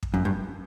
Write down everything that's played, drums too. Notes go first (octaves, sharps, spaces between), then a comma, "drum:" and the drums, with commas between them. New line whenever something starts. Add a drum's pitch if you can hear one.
drum: kick
F#2
G2